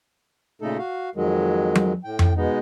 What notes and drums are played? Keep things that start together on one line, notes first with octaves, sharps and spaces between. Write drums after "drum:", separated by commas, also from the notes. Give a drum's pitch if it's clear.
A#2 C#3 A3 D#4 A4
F#4 F5
F2 D#3 F#3 G#3
drum: tom F#3
A2 G5
drum: tom F2
B2 G#3 B3 D#4